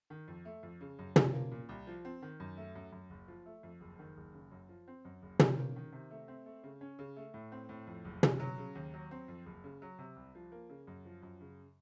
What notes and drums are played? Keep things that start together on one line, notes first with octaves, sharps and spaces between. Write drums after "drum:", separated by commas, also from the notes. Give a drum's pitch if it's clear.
D#3
F2
A3
F2
C#3
F#2
F3, drum: tom
A#3
A#2
C2
F3
C4
D#3
F#2
A3
F#2
F#2
F#1
F3
A3
F2
F#1
D#3
F#1
C#3
F#2
F3
C4
F#2
F#1
D#3, drum: tom
A#3
D#3
C3
A3
C4
A3
C#3
C#4
C#3
A3
A2
C4
A2
F2
F#1
C#3, drum: tom
F#3
C#3
D#2
F#3
C4
F2
F#1
C#3
F#3
C3
C2
F3
A#3
C#3
F#2
F3
F#2
C#3